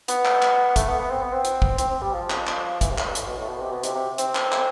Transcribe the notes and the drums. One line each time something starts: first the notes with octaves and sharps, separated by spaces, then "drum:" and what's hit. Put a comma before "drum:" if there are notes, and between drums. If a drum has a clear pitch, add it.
B3, drum: hi-hat
drum: clap
drum: clap
A3, drum: kick, hi-hat
B3
B3
C4
B3
C4
drum: hi-hat
drum: kick
C4, drum: hi-hat
C4
G3
F3
drum: clap
drum: clap
E3, drum: kick, hi-hat
C3
A2, drum: clap
G2
A2, drum: hi-hat
B2
A2
B2
C3
B2
C3, drum: hi-hat
C3
C4, drum: hi-hat
drum: clap
drum: clap